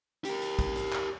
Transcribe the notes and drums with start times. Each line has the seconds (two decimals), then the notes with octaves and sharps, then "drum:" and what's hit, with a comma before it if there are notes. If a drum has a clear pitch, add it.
0.25 G4 A#4, drum: hi-hat
0.42 drum: hi-hat
0.59 drum: kick, hi-hat
0.76 drum: hi-hat
0.93 drum: clap